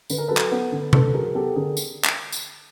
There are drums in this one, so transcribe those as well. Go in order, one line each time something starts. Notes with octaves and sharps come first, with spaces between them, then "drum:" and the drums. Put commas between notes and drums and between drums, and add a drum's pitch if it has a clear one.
D3 B4, drum: tambourine
A#4
F#3 A4 B4
drum: clap
B3
D3
D3 A4 B4, drum: tom C3
F#3 G#4 A#4
B3 G4 A4
D3 G#4 A#4
drum: tambourine
drum: clap
drum: tambourine